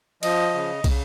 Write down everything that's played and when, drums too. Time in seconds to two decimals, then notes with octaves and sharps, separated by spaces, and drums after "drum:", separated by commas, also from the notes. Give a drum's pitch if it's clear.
0.23 F3 D#5, drum: cymbal
0.54 C#3
0.84 C#3, drum: kick, cymbal